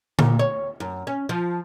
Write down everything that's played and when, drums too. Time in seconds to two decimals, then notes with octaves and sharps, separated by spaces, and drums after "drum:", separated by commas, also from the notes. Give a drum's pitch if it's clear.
0.19 A#2, drum: tom D3
0.39 C#5
0.80 F#2
1.07 C#4
1.29 F3